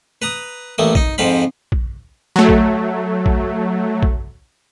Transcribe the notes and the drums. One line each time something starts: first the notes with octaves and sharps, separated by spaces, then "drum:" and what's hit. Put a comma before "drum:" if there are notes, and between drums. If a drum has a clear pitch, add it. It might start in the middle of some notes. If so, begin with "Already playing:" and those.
B4 A#5 D#6
A1 A3 A#3 D#6
D#4 D#5, drum: kick A#1
F2 G#2 F3 F5 B5
drum: kick A#1
F#3 A3
drum: kick A#1
drum: kick A#1
drum: kick A#1